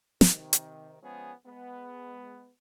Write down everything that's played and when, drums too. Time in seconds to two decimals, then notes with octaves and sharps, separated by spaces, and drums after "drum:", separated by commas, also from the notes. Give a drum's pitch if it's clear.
0.21 C3 D#3, drum: snare
0.53 drum: hi-hat
1.02 F3 G#3 B3 C#4 G#4
1.46 G#3 B3